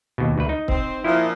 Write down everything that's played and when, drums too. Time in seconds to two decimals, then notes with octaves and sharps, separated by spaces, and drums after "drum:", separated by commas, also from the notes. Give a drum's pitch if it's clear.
0.18 D#2 B2
0.38 D2 B4
0.49 D#4
0.68 C4, drum: kick
1.04 A#2 F3 E4